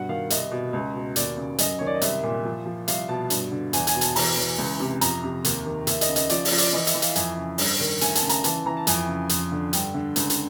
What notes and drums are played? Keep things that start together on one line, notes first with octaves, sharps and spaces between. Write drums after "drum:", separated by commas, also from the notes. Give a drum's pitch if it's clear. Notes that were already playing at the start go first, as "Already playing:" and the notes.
Already playing: G2 B2 F#5
D#3 F5
C2 D#5, drum: hi-hat
B2
C#2
B2
D#2 D5, drum: hi-hat
C#3
F#2 D#5, drum: hi-hat
D#3 C#5
D5
D#5
C2 E5, drum: hi-hat
A#2
F3
F3
C2 F5, drum: hi-hat
B2 A5
G2, drum: hi-hat
D3
E2 G#5, drum: hi-hat
G#5, drum: hi-hat
B2
A5, drum: hi-hat
E3 A#5, drum: open hi-hat
E3
C#2
C3
F2 A#5, drum: hi-hat
C3
D#2, drum: hi-hat
D#3
D#2 E5, drum: hi-hat
D#5, drum: hi-hat
C#3
D#5, drum: hi-hat
F3 D5, drum: hi-hat
D5, drum: open hi-hat
F3
D5, drum: hi-hat
E3 D#5
E5, drum: hi-hat
E3
F5, drum: hi-hat
F2 G#5, drum: hi-hat
C#3
G2, drum: open hi-hat
D#3
D2 G#5, drum: hi-hat
A5, drum: hi-hat
C#3
A#5, drum: hi-hat
E3 A5, drum: hi-hat
E3 A#5
A5
F2 G#5, drum: hi-hat
C#3
F2, drum: hi-hat
D3
G2 G5, drum: hi-hat
D3
C#2, drum: hi-hat
drum: hi-hat